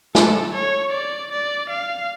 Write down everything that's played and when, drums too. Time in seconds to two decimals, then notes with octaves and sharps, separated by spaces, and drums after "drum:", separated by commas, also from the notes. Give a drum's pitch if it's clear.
0.15 A4, drum: snare
0.53 C#5
0.92 D5
1.31 D5
1.70 F5